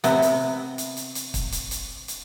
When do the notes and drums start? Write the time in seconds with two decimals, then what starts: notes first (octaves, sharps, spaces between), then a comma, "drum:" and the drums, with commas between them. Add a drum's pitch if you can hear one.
0.04 C3 B3, drum: hi-hat
0.22 drum: hi-hat
0.78 drum: hi-hat
0.97 drum: hi-hat
1.15 drum: hi-hat
1.34 drum: kick, hi-hat
1.52 drum: hi-hat
1.71 drum: hi-hat
2.08 drum: hi-hat